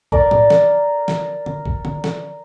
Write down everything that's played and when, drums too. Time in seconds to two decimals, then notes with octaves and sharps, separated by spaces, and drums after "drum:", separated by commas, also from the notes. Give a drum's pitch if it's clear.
0.12 A#4 D5, drum: kick B1
0.31 drum: tom A2
0.50 drum: snare
1.08 drum: snare
1.46 drum: tom
1.66 drum: kick B1
1.85 drum: tom
2.04 drum: snare